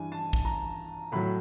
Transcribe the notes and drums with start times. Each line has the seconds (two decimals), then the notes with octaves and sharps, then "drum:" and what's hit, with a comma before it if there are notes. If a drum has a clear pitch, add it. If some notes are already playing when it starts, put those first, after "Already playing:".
Already playing: G2 E3 G#5
0.12 A5
0.33 drum: kick
0.45 A#5
1.12 A2 F#3 B5